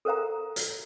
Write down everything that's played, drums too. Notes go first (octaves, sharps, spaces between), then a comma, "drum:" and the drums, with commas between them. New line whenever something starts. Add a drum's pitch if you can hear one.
A4 A#4 C5 F5 A#5
drum: hi-hat